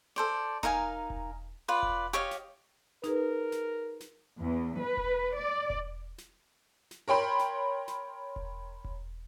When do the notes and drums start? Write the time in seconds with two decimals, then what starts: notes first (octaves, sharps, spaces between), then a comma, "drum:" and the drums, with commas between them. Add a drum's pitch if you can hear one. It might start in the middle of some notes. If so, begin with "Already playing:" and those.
0.16 A4 C5 D5
0.63 D#4 A#4 F5 G#5, drum: kick E1
1.10 drum: kick E1
1.68 F4 B4 D5
1.83 drum: kick E1
2.13 G4 C#5 D#5 F5
2.31 drum: snare
3.04 D#4 G#4 A#4 B4, drum: snare
3.52 drum: snare
4.00 drum: snare
4.42 E2
4.82 B4
4.97 drum: kick E1
5.35 D5
5.70 drum: kick E1
6.18 drum: snare
6.91 drum: snare
7.08 A#4 C#5 G5 B5 C6
7.39 drum: snare
7.88 drum: snare
8.36 drum: kick E1
8.84 drum: kick E1